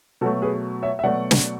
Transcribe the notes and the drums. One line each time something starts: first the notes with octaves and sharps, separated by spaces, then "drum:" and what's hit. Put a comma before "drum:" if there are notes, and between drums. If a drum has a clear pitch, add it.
B2 F#3 A3 F#4 A4
G#4 B4
C#5 E5
E5
B2 F#3 A3 D5 F#5
drum: snare